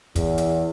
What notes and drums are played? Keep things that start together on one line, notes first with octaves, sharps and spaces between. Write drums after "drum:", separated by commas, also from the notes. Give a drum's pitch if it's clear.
E2, drum: kick, hi-hat
drum: hi-hat